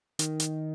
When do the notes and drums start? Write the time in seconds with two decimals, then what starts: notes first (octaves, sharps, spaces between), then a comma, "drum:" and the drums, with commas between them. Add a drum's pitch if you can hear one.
0.19 D#3, drum: hi-hat
0.40 drum: hi-hat